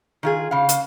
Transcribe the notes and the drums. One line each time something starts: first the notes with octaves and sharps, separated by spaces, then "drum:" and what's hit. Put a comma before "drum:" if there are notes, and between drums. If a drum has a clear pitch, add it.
D#3 F4 G#4
C#3 F5
drum: hi-hat